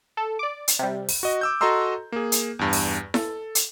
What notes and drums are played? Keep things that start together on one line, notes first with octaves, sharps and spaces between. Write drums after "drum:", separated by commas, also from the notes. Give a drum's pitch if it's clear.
A4
D5 D6
drum: hi-hat
C3 G3
drum: open hi-hat
F#4 D#5
D6 E6 G6
F#4 A4 D#5 A#5 C6 E6
A#3 G#4
drum: hi-hat
E2 G2
drum: open hi-hat
A4, drum: snare E4
drum: hi-hat